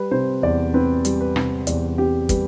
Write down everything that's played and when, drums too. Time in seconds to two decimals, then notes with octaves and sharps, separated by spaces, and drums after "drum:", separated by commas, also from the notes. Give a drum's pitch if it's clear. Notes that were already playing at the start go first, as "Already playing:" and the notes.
Already playing: G3 B4
0.11 C3 C5
0.43 E2 D5
0.74 C4 B4
1.05 G3, drum: hi-hat
1.20 B4
1.36 C3, drum: rim click
1.67 E2 D5, drum: hi-hat
1.98 C4 G4
2.29 G3 B4, drum: kick, hi-hat